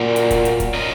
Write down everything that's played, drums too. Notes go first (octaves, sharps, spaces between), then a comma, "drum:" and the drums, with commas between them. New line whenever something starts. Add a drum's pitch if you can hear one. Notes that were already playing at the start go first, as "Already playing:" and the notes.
Already playing: A#2 F#3 A#3 F#4 A#4
drum: hi-hat
drum: kick, hi-hat
drum: hi-hat
drum: kick, hi-hat
F#3 C#4 A#4 D#5